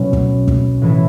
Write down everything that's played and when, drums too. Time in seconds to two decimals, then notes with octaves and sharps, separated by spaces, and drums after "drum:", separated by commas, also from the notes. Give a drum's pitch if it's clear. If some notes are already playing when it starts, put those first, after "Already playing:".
Already playing: B2 F#3 C#4 E4
0.13 drum: kick
0.48 drum: kick
0.82 A2 E3 A3 E4